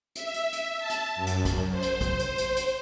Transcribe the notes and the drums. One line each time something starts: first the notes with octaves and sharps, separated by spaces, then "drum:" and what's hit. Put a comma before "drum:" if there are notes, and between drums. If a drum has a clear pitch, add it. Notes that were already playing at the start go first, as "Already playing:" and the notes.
E5, drum: hi-hat
drum: hi-hat
drum: hi-hat
A5
drum: hi-hat
F#2
drum: hi-hat
drum: kick, hi-hat
C5
drum: hi-hat
drum: kick, hi-hat
drum: hi-hat
drum: hi-hat
drum: hi-hat